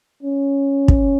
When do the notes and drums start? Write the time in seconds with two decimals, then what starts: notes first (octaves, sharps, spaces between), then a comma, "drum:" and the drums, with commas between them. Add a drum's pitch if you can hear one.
0.23 C#4
0.88 drum: kick